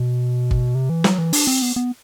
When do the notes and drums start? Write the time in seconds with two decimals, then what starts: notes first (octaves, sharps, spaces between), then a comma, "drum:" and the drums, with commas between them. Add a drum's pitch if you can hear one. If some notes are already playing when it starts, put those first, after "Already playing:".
Already playing: B2
0.51 drum: kick
0.75 C3
0.89 E3
1.04 F#3, drum: snare
1.18 E3
1.33 D4, drum: open hi-hat
1.47 C4
1.62 B3
1.76 B3